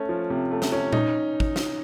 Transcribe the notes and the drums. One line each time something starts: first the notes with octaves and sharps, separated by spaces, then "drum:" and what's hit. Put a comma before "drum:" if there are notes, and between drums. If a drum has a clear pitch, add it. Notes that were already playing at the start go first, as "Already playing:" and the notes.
Already playing: A3 C#4
F3
C3
A3
drum: snare
C#4
D#4, drum: tom A#2
drum: kick
drum: snare